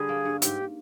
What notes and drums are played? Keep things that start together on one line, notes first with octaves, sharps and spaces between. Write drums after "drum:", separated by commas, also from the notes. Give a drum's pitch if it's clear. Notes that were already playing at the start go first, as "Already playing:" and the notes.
Already playing: D3 G3 G#4
A#3
G2
G#2 G4, drum: hi-hat